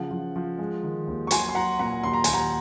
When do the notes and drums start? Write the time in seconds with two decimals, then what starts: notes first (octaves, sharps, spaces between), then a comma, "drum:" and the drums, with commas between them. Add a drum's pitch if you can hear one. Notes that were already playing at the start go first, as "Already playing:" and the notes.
Already playing: C#3 F3 F#5
0.11 F3
0.36 F3
0.59 G#3
0.83 D#3
1.07 D#2
1.27 C#6
1.31 F#3 G#5 C6, drum: hi-hat
1.49 C6
1.55 F#3 F#5 A#5
1.79 A#2 F#5 A#5
2.03 D#2 C6
2.13 A#5
2.24 D#2 G#5, drum: hi-hat
2.33 F#5 A#5